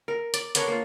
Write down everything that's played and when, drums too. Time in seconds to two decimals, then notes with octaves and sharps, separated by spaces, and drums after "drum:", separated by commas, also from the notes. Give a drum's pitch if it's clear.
0.08 A#4
0.34 D5, drum: hi-hat
0.55 B3 D4 A#4 C#5, drum: hi-hat
0.68 A#3 F4